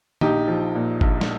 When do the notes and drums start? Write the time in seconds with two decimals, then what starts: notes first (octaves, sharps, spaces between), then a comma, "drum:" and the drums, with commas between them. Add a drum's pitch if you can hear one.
0.21 A#1 D#4 G4, drum: tom D#3
0.48 F3
0.75 A#2
1.01 A#1, drum: kick
1.21 drum: snare